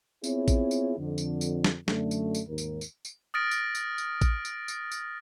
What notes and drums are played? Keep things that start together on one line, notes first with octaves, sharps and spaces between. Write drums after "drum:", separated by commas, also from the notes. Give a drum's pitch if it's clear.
B3 C4 E4 F4 G#4 C#5, drum: tambourine
drum: kick A1, tambourine
drum: tambourine
F2 D3
drum: tambourine
drum: tambourine
drum: snare
F#2 D3 A3, drum: snare
drum: tambourine
drum: tambourine
D#2 G#2 A#4
drum: tambourine
drum: tambourine
drum: tambourine
D#6 F6 A6 A#6 D7
drum: tambourine
drum: tambourine
drum: tambourine
drum: kick A1, tambourine
drum: tambourine
drum: tambourine
drum: tambourine